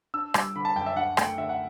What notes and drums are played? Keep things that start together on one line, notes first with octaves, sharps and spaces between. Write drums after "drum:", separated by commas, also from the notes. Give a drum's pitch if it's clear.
D4 E6
G3 D6, drum: rim click
D3 B5
A5
F#2 G5
E5
D4 F#5
A3 G5, drum: rim click
D3 E5
F#5